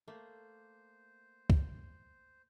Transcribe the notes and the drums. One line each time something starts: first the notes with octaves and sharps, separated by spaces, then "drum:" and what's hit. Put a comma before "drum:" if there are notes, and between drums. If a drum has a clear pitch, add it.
A3 A#3 C5
drum: kick